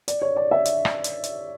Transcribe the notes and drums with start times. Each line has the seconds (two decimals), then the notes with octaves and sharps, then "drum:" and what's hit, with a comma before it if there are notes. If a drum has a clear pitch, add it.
0.08 D5, drum: hi-hat
0.22 C#5
0.36 D5
0.51 E5
0.65 drum: hi-hat
0.85 drum: rim click
1.04 drum: hi-hat
1.24 drum: hi-hat